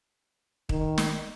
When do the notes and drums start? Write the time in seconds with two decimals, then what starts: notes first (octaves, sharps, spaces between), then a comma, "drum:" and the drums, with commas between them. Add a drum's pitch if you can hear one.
0.69 D#3, drum: kick
0.98 drum: snare